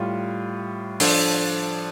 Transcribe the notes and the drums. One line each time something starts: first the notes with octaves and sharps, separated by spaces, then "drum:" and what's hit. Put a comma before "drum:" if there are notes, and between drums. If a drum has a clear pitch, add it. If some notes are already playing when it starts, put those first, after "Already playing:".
Already playing: A2 G3 F4
F3 D4 A4 C5, drum: open hi-hat